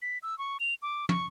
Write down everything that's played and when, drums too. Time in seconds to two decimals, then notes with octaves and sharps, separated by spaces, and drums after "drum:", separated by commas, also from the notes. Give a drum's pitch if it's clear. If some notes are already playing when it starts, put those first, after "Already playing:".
0.02 B6
0.23 E6
0.38 C#6
0.60 F7
0.82 D6
1.09 C#6, drum: tom